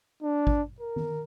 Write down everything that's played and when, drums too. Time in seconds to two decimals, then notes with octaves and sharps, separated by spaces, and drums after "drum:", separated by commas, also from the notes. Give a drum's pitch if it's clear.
0.23 D4
0.47 drum: kick G#1
0.81 A#4
0.96 drum: tom D#3